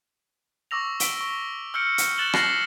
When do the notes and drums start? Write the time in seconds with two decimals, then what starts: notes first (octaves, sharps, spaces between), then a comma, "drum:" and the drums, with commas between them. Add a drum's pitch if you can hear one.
0.71 C#6 D6 E6 A#6 F7
1.00 E6 B6 D7 G7, drum: hi-hat
1.21 C#6
1.74 E6 F6 G6 C#7 D7
1.98 drum: hi-hat
2.18 F#6 A6 E7 F#7 G7
2.33 F6 F#6 A6 A#6 C7 F#7, drum: rim click